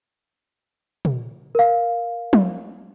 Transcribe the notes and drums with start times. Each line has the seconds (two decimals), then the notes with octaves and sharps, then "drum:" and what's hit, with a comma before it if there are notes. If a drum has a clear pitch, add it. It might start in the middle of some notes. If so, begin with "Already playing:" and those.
1.05 drum: tom
1.55 A#4 F5
2.33 drum: tom